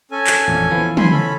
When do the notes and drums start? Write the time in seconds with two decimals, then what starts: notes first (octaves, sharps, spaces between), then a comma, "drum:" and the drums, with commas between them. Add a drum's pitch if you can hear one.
0.11 C#4 A4 G#5
0.27 drum: clap
0.48 A1 F2 A#2
0.71 E3 F3 B3
0.97 G#5 B5 C6, drum: tom
1.11 C#4 A4 B5